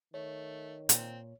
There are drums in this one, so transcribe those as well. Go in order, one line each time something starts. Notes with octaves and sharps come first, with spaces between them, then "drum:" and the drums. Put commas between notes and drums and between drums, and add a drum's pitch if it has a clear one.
D#3 A3 C#5
A#2 C4, drum: hi-hat